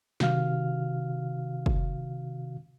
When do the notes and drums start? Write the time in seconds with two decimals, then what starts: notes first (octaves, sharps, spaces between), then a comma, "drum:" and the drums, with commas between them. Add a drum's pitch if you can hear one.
0.20 C3 D#3 F#4 F5 F6, drum: snare
1.66 drum: kick